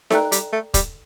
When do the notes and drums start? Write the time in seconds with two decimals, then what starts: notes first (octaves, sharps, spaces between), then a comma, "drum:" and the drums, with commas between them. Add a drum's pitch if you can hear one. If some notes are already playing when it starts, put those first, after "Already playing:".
0.10 A3 A4 D5 G5 A#5 F#6, drum: snare D#4
0.32 G3, drum: hi-hat
0.53 A3
0.74 G3, drum: kick, hi-hat